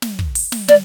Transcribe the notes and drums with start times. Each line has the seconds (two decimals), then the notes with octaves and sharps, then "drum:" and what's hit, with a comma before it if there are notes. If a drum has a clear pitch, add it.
0.02 drum: snare
0.19 drum: kick
0.35 drum: open hi-hat
0.52 drum: snare
0.68 D5, drum: snare